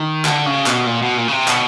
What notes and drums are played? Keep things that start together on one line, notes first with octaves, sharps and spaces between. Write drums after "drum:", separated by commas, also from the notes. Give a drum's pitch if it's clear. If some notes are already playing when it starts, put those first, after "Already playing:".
Already playing: D#3
D3, drum: clap
C#3
B2, drum: clap
A#2
B2
A#2
C#3
C3
B2, drum: clap